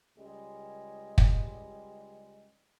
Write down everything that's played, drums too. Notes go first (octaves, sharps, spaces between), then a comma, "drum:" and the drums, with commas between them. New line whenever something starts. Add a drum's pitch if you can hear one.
C#2 G3 G#3
drum: kick